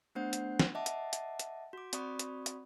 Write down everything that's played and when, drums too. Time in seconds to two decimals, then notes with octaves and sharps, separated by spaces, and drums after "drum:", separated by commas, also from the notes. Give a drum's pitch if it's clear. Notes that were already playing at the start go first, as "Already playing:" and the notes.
0.15 A3 B3 D4 C5 F#5 G6
0.33 drum: hi-hat
0.60 drum: snare
0.75 D#5 E5 F#5 A5 D6
0.86 drum: hi-hat
1.13 drum: hi-hat
1.39 drum: hi-hat
1.73 F#4 D6
1.93 C4 F#4 D5 B5 C#6 D#6, drum: hi-hat
2.19 drum: hi-hat
2.46 drum: hi-hat